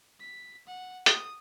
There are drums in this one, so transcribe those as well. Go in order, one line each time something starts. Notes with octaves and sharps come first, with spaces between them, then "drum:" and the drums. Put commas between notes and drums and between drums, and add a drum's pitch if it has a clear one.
B6
F#5
D#6, drum: hi-hat